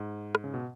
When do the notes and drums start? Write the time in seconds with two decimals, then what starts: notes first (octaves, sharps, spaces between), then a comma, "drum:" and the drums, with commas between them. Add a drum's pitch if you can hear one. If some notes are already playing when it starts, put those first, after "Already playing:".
Already playing: G#2
0.35 drum: rim click
0.44 C#3
0.54 B2